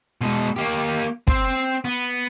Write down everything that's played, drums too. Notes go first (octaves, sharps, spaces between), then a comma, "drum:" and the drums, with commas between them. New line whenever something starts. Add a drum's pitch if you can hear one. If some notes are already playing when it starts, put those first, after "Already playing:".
B2 G#3
A#3 G4
C4 C5, drum: kick
B3